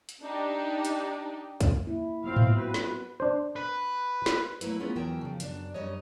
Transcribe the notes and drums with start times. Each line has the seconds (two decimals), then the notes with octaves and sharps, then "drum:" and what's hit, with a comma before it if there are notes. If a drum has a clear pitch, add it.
0.09 drum: hi-hat
0.22 D4 D#4 G4
0.85 drum: hi-hat
1.61 drum: kick, hi-hat
1.84 A#3 E4
2.24 F#3 B3 C4 F4 F5
2.36 drum: tom G#2
2.57 F#4 B4
2.74 drum: snare
3.20 D4 C5
3.56 B4
4.26 drum: snare
4.61 F#3 A3 A#3 E4 B4, drum: hi-hat
4.80 B3 C#4 F4 G#4 B4
4.96 E2 E3 F#3 A#4 G5 A5
5.21 C#3 F3
5.40 F#2 D4, drum: hi-hat
5.74 F#2 G3 C#5 D#5